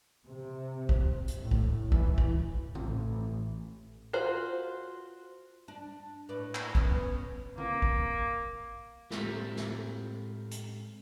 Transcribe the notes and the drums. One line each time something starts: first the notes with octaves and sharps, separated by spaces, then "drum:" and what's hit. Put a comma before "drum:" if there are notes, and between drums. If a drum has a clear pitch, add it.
C3
drum: kick
drum: hi-hat
A2
drum: kick
E3, drum: kick
drum: kick
A1, drum: tom D#3
F4 F#4 C5
D4
A2 B4 D5
drum: clap
B3 C#4 B4, drum: kick
A#3, drum: tom D#3
drum: kick
A2 G#3 C4 G4 A4 A#4, drum: snare
drum: snare
drum: hi-hat